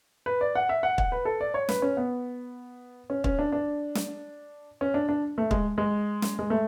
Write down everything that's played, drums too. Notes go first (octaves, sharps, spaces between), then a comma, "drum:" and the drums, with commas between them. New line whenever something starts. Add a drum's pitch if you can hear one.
B4
D5
F#5
E5
F#5
F#5, drum: kick
B4
A4
D5
C#5
B4, drum: snare
C#4
B3
C#4
C#4, drum: kick
D4
D4
drum: snare
C#4
D4
D4
A3
G#3, drum: kick
G#3
drum: snare
G#3
A3